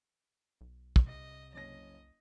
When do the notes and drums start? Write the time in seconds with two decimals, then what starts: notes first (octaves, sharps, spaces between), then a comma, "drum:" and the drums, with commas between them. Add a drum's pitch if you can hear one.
0.61 B1
0.96 drum: kick
1.07 C2 C3 D#5
1.54 F#1 C#4 D#5 A#6